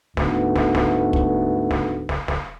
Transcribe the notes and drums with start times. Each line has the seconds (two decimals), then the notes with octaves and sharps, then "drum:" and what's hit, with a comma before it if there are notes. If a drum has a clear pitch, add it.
0.17 D2 G#2 A3 B3, drum: snare
0.56 drum: snare
0.75 drum: snare
1.13 drum: kick
1.71 drum: snare
2.09 drum: snare
2.28 drum: snare